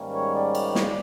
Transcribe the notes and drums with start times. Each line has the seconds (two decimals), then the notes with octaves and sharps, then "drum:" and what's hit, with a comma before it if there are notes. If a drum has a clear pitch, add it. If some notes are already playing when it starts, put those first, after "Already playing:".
Already playing: G#2 D#3 G3 A#3 C#4
0.14 C#5
0.34 D5
0.55 drum: cymbal
0.75 drum: snare